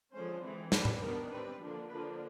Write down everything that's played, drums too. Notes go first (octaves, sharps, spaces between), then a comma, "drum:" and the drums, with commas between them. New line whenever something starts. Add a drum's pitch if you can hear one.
D3 F3 G#3 C#4 C5
E3 G#3 C4
G3 A#3 D4 B4, drum: snare
drum: tom A2
D#3 G3 B3 D4 A#4
G3 C4 B4
D3 F3 A#3 D4
D3 F3 A#3 D4 B4